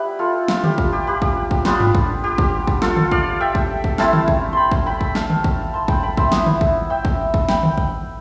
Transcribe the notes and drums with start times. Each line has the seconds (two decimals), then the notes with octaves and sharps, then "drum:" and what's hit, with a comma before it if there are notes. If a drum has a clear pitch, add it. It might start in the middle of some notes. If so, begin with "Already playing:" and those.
Already playing: G3 B3 E4 G4 B4
0.19 F4 A4
0.48 F4, drum: snare
0.64 G4, drum: tom D3
0.78 drum: kick
0.93 G4
1.07 G4 B4
1.22 drum: kick
1.51 drum: kick
1.65 B3 D4 F4 G4 B4, drum: snare
1.80 drum: tom G2
1.95 drum: kick
2.24 G4
2.38 drum: kick
2.67 drum: kick
2.82 F4 A4, drum: snare
2.97 drum: tom D3
3.12 D5 F5, drum: kick
3.40 E5 G5
3.55 drum: kick
3.84 drum: kick
3.98 A3 C4 E4 F5 A5, drum: snare
4.13 drum: tom D3
4.28 drum: kick
4.53 G5 B5 C6
4.72 drum: kick
4.86 G5 B5
5.01 drum: kick
5.15 F5 A5, drum: snare
5.30 drum: tom D3
5.44 drum: kick
5.74 A5 C6
5.88 G5 B5, drum: kick
6.03 G5 B5
6.17 C5 E5, drum: kick
6.32 B3 E4, drum: snare
6.46 drum: tom D3
6.61 drum: kick
6.90 E5 G5
7.05 drum: kick
7.34 drum: kick
7.49 G5 B5, drum: snare
7.63 drum: tom D3
7.78 drum: kick